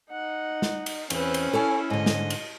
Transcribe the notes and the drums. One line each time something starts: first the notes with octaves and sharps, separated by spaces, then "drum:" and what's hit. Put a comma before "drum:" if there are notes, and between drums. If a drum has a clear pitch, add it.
D#4 F#5
drum: snare
drum: cymbal
E2 C4 C#4 B4, drum: cymbal
drum: cymbal
E4 A4 C#5 G#5
G#2 D3 D#5
drum: snare
drum: cymbal